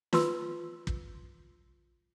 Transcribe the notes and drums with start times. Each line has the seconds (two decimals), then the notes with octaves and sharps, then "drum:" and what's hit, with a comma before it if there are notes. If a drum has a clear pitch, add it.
0.13 F4 B4 C6 E6, drum: snare
0.87 drum: kick